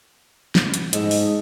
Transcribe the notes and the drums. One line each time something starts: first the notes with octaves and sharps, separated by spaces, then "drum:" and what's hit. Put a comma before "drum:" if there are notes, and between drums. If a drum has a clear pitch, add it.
B3, drum: snare
drum: hi-hat
G#2 A4 D#5, drum: hi-hat
drum: open hi-hat